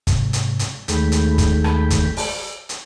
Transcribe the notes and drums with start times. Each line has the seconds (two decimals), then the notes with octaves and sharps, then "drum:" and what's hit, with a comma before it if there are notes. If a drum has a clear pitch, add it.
0.07 G#2 C3, drum: kick, hi-hat
0.33 drum: hi-hat
0.59 drum: hi-hat
0.88 D#2 D#3 G#3 A3 G5 B5, drum: hi-hat
1.12 drum: hi-hat
1.38 drum: kick, hi-hat
1.64 drum: rim click
1.90 drum: kick, hi-hat
2.17 drum: open hi-hat
2.69 drum: hi-hat